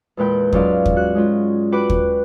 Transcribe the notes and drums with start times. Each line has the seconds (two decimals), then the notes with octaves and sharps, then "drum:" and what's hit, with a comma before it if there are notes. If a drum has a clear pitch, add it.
0.17 E2 A#2 G#3 B4 G5 G6
0.53 G#2 F#3 C#4 F4 D5 F5, drum: kick
0.86 drum: kick
0.97 F#4 F#6
1.15 G#3 C#4 F4
1.72 F#4 B4 G5 D6 F#6
1.90 drum: kick